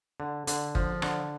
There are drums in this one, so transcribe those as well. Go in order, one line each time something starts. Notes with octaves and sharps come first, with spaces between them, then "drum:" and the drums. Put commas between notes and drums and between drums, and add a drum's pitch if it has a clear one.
D3
D3, drum: hi-hat
F3, drum: kick
D3, drum: rim click